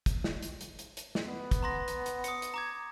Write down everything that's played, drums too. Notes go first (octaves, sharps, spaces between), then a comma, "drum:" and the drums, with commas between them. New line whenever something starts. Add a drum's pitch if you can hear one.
drum: kick, hi-hat
drum: snare
drum: hi-hat
drum: hi-hat
drum: hi-hat
drum: hi-hat
drum: snare
B3
drum: kick, hi-hat
A#5 C6 A#6
drum: hi-hat
drum: hi-hat
D#6 C#7, drum: hi-hat
drum: hi-hat
A#5 D6 G#6